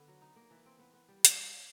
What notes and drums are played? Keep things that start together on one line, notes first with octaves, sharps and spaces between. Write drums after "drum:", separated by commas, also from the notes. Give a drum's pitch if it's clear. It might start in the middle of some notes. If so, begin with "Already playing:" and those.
Already playing: D3 B3
F#3
D#4
A#3
E3
C4
B3
B3
G3
drum: hi-hat